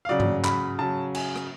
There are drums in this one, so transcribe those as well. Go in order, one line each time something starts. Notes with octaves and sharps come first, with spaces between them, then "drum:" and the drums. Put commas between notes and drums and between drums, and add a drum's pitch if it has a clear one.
F5
C#3 F#3 D5
drum: tom G2
B5, drum: clap
C#3 F#3 A5
G#5, drum: cymbal
drum: rim click